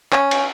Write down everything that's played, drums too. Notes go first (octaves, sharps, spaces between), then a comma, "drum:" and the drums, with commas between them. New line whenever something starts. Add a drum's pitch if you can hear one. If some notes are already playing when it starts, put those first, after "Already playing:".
C#4, drum: clap
drum: cymbal